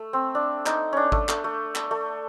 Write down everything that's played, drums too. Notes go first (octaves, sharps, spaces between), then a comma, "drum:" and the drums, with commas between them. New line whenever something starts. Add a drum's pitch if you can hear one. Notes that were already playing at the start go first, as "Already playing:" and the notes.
Already playing: A3
C4
D4
D#4, drum: clap
C#4 D4
A3, drum: kick G#1
A3, drum: clap
A3
drum: clap
A3